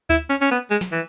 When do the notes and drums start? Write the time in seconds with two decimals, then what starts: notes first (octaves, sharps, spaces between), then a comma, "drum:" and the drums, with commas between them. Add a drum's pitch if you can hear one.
0.09 E4, drum: kick D2
0.29 C#4
0.41 C#4
0.51 B3
0.71 G#3
0.81 drum: snare
0.92 E3